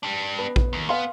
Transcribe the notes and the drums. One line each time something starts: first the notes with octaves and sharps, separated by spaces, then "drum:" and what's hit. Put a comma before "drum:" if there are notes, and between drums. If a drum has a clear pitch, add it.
G3 D4
B3
drum: kick A#1
D#2
B3 F5 G#5 C6